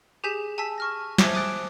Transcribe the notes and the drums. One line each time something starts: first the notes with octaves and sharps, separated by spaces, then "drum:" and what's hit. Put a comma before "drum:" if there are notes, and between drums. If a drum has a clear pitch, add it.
G4 G#4 G#5 G6 B6 E7
G#5 A5 E6 B6
C#6 F6 A#6
C5 E5 G#5 A5 D6 G#6, drum: snare
G#5 D6 D#6 F#6 A6 D7